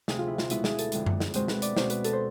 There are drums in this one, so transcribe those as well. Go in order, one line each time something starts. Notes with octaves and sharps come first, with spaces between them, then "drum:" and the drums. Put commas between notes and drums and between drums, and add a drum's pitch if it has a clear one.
D2 C3 F3 G#4, drum: snare
F4
E4
F4, drum: snare
B2 G#3 B3 E4, drum: hi-hat
G#4, drum: snare
A4, drum: hi-hat
F2 D3 G#3, drum: hi-hat
drum: tom F#2
drum: snare
B2 G#3 C4 C5, drum: hi-hat
B4, drum: snare
D5, drum: hi-hat
B2 G#3 C4 C5, drum: snare
B4, drum: hi-hat
A4, drum: hi-hat
C5